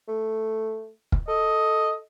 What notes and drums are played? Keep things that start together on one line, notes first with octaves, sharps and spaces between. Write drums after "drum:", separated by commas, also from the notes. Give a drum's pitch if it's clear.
A3
drum: kick
A4 D#5